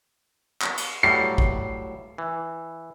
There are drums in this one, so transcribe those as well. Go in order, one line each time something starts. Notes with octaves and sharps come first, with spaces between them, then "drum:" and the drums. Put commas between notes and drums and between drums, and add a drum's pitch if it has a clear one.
drum: clap
drum: cymbal
A2 F#3 G3 C7
drum: kick
E3